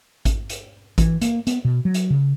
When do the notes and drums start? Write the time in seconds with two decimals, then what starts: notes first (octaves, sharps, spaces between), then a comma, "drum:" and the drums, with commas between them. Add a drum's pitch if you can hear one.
0.25 drum: kick G#1, hi-hat
0.50 drum: hi-hat
0.98 E3, drum: kick G#1, hi-hat
1.22 A#3, drum: hi-hat
1.47 B3, drum: hi-hat
1.65 B2
1.85 F#3
1.94 drum: hi-hat
2.10 C#3